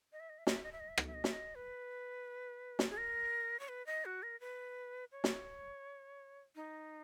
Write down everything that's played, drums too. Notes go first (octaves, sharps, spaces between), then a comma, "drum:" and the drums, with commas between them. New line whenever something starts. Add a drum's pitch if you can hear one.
D#5
E5
D#5
E5
D#5, drum: snare
E5
D#5
E5
D#5
E5
D#5, drum: rim click
E5
D#5
E5, drum: snare
D#5
B4
drum: snare
G#4
A#4
C#5
B4
D#5
F#4
A#4
B4
C#5
drum: snare
D#4